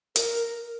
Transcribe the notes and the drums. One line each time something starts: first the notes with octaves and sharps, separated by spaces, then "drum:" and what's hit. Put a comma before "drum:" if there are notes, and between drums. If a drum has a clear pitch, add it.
A#4, drum: hi-hat